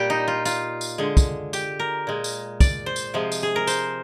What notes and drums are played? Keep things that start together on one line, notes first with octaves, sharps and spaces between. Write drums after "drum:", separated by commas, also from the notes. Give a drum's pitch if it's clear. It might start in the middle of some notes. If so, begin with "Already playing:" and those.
Already playing: A#2 G3 G4
D#4
F4
F4, drum: tambourine
drum: tambourine
D3 G#3
drum: kick, tambourine
G4, drum: tambourine
A#4
A#2 G#3
drum: tambourine
D5, drum: kick, tambourine
C5
drum: tambourine
C3 F3 G#3
drum: tambourine
G#4
A#4
C5, drum: tambourine